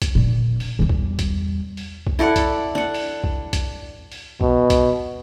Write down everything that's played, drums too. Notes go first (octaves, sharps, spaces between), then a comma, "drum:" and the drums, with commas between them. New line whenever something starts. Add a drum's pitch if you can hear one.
drum: kick B1, hi-hat
A#2 D3
drum: open hi-hat
E2 G3
drum: kick B1
drum: kick B1, hi-hat
drum: open hi-hat
drum: kick B1
E4 A4 D5 F#5
drum: kick B1, hi-hat
D4 F#5
drum: open hi-hat
drum: kick B1
drum: kick B1, hi-hat
drum: open hi-hat
B2, drum: kick B1
drum: kick B1, hi-hat